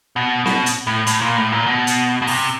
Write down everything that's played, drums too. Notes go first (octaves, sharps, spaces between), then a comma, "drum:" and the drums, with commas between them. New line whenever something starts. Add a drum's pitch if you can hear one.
B2
B2, drum: snare
drum: hi-hat
A2
A2, drum: hi-hat
A#2
A2
A#2
B2
drum: hi-hat
B2
C3, drum: open hi-hat